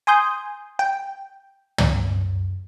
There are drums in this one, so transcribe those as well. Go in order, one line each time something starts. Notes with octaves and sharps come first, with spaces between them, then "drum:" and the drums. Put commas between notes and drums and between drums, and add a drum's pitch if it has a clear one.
G#5 C6 D#6 G6
G5
drum: tom